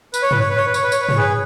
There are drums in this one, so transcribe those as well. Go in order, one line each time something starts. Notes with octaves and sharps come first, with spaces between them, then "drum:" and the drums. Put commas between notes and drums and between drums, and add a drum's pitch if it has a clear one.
B4, drum: tambourine
C#5
B4, drum: tom
C#5
B4
C#5
B4
C#5, drum: tambourine
B4
C#5, drum: tambourine
B4
C#5, drum: tom
G#4 B4